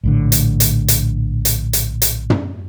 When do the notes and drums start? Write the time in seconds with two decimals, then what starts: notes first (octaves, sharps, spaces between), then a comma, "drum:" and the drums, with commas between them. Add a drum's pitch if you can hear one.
0.04 A#1 A2 D3
0.32 drum: hi-hat
0.60 drum: hi-hat
0.88 drum: hi-hat
1.45 drum: hi-hat
1.73 drum: hi-hat
2.02 drum: hi-hat
2.30 drum: tom